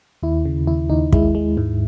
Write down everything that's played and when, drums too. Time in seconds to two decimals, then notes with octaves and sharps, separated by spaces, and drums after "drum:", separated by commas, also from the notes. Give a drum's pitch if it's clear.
0.23 D#2 E4
0.45 C#3
0.67 D#2 E4
0.90 D#2 D#4
1.13 G#3 E4, drum: kick
1.35 G#3
1.57 G#2